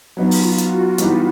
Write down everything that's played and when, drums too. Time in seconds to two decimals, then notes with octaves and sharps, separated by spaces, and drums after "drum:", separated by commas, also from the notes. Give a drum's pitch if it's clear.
0.17 F#3 B3 D#4 F4
0.31 drum: open hi-hat
0.58 F#4, drum: hi-hat
0.98 E3 G3 B3 D#4 G4, drum: hi-hat